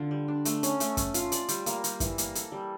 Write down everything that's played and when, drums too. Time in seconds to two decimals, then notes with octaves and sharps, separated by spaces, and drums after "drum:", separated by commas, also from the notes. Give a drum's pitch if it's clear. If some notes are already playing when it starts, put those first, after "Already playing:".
Already playing: D3 F4
0.11 G3
0.28 D4
0.45 A3, drum: hi-hat
0.63 C#4, drum: hi-hat
0.80 A3, drum: hi-hat
0.97 C#4, drum: kick F#2, hi-hat
1.14 F4, drum: hi-hat
1.32 D5, drum: hi-hat
1.48 G3, drum: hi-hat
1.66 A#3, drum: hi-hat
1.84 G3, drum: hi-hat
2.00 E3, drum: kick F#2, hi-hat
2.18 A#3, drum: hi-hat
2.35 A4, drum: hi-hat
2.52 G3